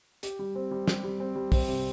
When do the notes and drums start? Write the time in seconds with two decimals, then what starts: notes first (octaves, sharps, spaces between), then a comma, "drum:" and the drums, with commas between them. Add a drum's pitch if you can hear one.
0.23 G4, drum: hi-hat
0.39 G3
0.55 C4
0.71 G3
0.88 G4, drum: snare
1.04 G3
1.20 C4
1.36 G3
1.52 C4, drum: kick, open hi-hat
1.68 C3